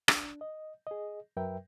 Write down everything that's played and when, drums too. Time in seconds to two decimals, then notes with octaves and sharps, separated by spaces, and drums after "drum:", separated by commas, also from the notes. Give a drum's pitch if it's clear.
0.08 D4, drum: rim click
0.41 D#5
0.87 G#4 D#5
1.37 F#2 F#3 A#4 B4 E5 G5